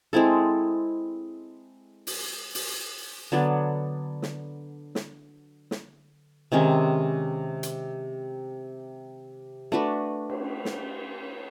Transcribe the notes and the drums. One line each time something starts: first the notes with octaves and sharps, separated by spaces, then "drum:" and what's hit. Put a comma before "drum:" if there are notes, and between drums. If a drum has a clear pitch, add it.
G#3 C4 E4 A4
drum: open hi-hat
drum: open hi-hat
D3 F#3 B3 D4
drum: snare
drum: snare
drum: snare
C3 D#3 G#3 C#4
drum: hi-hat
A3 D4 F#4 B4
drum: cymbal
drum: snare